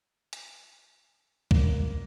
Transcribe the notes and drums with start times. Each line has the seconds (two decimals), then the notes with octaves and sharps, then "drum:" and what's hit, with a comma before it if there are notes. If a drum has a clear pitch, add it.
0.33 drum: hi-hat
1.51 A#3, drum: kick